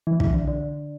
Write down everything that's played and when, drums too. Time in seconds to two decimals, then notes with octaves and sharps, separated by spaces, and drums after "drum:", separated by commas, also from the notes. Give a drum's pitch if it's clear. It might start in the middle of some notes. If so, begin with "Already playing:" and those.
0.07 E3
0.20 E3, drum: kick
0.34 D3
0.48 D3